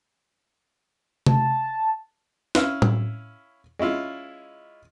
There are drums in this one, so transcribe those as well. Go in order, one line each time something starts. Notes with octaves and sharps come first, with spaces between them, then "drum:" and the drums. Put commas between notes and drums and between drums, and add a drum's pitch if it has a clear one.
A5, drum: tom C3
C#4 E4 F5, drum: snare
drum: tom A2
G#3 C#4 E4 F4